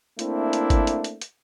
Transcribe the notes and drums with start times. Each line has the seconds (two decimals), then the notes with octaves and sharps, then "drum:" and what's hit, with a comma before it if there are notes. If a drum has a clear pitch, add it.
0.19 A3 A#3 C4 D4 E4, drum: hi-hat
0.53 drum: hi-hat
0.70 drum: kick G#1, hi-hat
0.87 drum: hi-hat
1.04 drum: hi-hat
1.22 drum: hi-hat